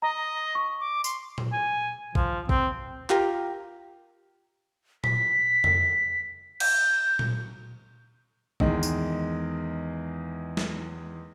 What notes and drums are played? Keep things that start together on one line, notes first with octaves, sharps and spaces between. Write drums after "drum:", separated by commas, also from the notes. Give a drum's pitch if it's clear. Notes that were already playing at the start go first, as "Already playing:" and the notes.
D#5 A#5
C#6
D6
C6, drum: tambourine
drum: tom
G#5
F3, drum: kick
C4, drum: kick
F4 G4 A#4, drum: clap
B6, drum: tom
drum: tom F2
G6, drum: cymbal
drum: tom A#2
E2 D#3 G#3, drum: kick
drum: tambourine
drum: snare